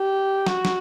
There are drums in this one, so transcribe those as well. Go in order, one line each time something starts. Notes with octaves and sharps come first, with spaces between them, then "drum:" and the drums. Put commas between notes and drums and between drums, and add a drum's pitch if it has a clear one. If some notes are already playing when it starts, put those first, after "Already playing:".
Already playing: G4
F#4, drum: snare
drum: snare